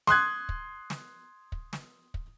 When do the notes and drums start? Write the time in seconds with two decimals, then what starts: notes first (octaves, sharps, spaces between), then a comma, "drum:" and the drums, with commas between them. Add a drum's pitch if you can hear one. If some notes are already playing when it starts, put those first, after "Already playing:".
0.07 C6 D#6 F#6 G#6, drum: snare
0.49 drum: kick
0.90 drum: snare
1.52 drum: kick
1.73 drum: snare
2.14 drum: kick